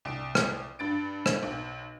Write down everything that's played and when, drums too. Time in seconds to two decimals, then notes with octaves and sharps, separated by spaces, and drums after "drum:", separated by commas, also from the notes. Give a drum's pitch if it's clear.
0.05 C2 D7
0.35 drum: rim click
0.79 G2 A6 D7
1.26 drum: rim click
1.43 B1